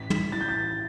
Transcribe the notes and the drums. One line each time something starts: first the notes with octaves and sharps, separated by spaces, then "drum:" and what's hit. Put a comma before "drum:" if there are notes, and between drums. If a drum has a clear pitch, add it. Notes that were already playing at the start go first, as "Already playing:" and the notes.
Already playing: A1 B6
E3, drum: tom
A2 A6
G6
A6
A1